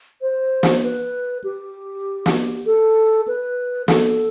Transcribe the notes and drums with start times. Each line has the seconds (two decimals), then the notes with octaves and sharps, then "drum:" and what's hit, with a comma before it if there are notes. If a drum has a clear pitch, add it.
0.22 C5
0.63 drum: snare
0.84 B4
1.44 G4
2.26 drum: snare
2.66 A4
3.28 B4
3.88 A4, drum: snare